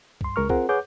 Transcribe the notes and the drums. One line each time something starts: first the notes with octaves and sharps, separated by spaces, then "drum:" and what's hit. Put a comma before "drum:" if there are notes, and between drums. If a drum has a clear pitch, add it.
G2 C6, drum: kick C2
C#2 G#3 A#4 C#6 F6
C4 F4 G#4 A#4 C5 F#5, drum: kick C2
G#4 B4 C#5 F#5 D6 G6